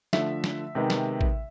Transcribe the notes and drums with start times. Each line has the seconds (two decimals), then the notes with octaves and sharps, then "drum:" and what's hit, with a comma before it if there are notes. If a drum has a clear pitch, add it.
0.13 D3 F3 A3 E5, drum: snare
0.44 drum: snare
0.75 C3 D#3 G#3 B3
0.90 drum: snare
1.21 drum: kick